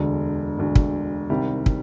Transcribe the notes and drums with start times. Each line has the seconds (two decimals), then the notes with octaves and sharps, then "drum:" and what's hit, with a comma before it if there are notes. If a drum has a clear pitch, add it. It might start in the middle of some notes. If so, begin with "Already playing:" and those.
Already playing: E1 D2 D3
0.58 E1 D2 D3
0.75 drum: kick
1.30 C2 C3 D#3 G3
1.66 drum: kick